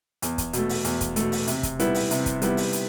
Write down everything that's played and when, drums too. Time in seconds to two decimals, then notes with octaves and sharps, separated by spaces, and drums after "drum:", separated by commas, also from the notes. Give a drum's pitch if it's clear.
0.22 E2, drum: hi-hat
0.38 drum: kick, hi-hat
0.53 B2, drum: hi-hat
0.58 A3
0.69 drum: open hi-hat
0.84 E2, drum: hi-hat
1.01 drum: kick, hi-hat
1.16 B2 A3, drum: hi-hat
1.32 drum: open hi-hat
1.47 C3, drum: hi-hat
1.63 drum: kick, hi-hat
1.79 G3 B3 E4, drum: hi-hat
1.95 drum: open hi-hat
2.11 C3, drum: hi-hat
2.26 drum: kick, hi-hat
2.42 G3 B3 E4, drum: hi-hat
2.57 drum: open hi-hat
2.73 drum: hi-hat